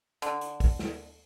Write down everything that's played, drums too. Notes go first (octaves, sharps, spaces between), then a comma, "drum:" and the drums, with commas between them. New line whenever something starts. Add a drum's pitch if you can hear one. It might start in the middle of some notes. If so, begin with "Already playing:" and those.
D3, drum: hi-hat
drum: hi-hat
drum: kick, open hi-hat
drum: snare